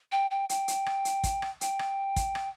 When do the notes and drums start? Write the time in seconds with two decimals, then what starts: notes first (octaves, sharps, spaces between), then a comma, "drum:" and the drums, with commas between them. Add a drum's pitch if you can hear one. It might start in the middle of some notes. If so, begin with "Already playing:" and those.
0.12 G5
0.31 G5
0.49 G5, drum: hi-hat
0.68 drum: hi-hat
0.86 drum: rim click
1.05 drum: hi-hat
1.24 drum: kick, hi-hat
1.42 drum: rim click
1.61 G5, drum: hi-hat
1.79 drum: rim click
2.16 drum: kick, hi-hat
2.35 drum: rim click